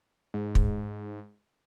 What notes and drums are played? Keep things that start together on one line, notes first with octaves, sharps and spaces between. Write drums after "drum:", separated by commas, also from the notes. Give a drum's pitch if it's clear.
G#2
drum: kick